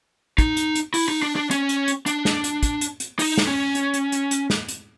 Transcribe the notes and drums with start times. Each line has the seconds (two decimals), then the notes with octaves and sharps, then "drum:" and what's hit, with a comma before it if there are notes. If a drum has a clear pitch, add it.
0.38 D#4, drum: kick, hi-hat
0.57 drum: hi-hat
0.75 drum: hi-hat
0.94 E4, drum: open hi-hat
1.08 D#4
1.23 D4
1.36 D4
1.51 C#4, drum: hi-hat
1.69 drum: hi-hat
1.88 drum: hi-hat
2.06 D4, drum: hi-hat
2.25 drum: snare
2.44 drum: hi-hat
2.63 drum: kick, hi-hat
2.81 drum: hi-hat
3.00 drum: hi-hat
3.19 D#4, drum: open hi-hat
3.37 drum: snare
3.47 C#4
3.75 drum: hi-hat
3.94 drum: hi-hat
4.12 drum: hi-hat
4.31 drum: hi-hat
4.50 drum: snare
4.69 drum: hi-hat